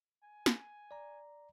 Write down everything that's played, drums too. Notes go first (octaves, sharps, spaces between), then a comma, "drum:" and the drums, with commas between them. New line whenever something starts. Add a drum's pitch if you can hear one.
G#5
drum: snare
D5 A#5